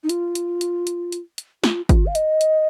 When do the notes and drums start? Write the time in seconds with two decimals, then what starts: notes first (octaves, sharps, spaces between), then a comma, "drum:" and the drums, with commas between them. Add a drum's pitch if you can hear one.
0.03 D#4
0.09 F4, drum: hi-hat
0.35 drum: hi-hat
0.61 drum: hi-hat
0.87 drum: hi-hat
1.12 drum: hi-hat
1.38 drum: hi-hat
1.64 F4, drum: snare
1.89 F4, drum: kick, hi-hat
2.06 F5
2.15 D#5, drum: hi-hat
2.41 drum: hi-hat